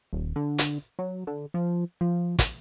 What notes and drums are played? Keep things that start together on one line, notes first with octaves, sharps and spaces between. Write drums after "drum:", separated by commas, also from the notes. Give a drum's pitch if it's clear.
D#1
D3
drum: hi-hat
F#3
D3
F3
F3
drum: kick, hi-hat